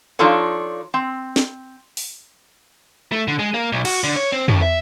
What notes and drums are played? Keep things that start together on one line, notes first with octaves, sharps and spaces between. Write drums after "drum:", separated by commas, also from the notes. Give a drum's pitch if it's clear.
F3 D4 D#4 F4 A4 C#5
C4
drum: snare
drum: open hi-hat
A3
D3
G#3
A#3
B1
F#4, drum: cymbal
D3
C#5
C4
D#2, drum: tom
E5